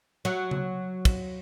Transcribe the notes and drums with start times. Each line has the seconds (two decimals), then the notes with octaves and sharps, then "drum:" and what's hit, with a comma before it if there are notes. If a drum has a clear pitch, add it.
0.25 F#3
0.51 drum: tom C#3
1.05 drum: kick, cymbal